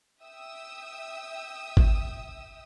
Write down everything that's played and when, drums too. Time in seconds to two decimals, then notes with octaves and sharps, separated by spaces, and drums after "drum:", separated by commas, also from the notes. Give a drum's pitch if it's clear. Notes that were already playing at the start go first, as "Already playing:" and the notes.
0.21 E5 G5 D#6 E6
1.77 drum: kick G#1